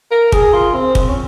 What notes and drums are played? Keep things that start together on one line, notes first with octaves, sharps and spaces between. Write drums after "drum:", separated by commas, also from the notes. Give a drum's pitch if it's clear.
A#4
G#4, drum: kick
F4
C4
drum: kick
C#4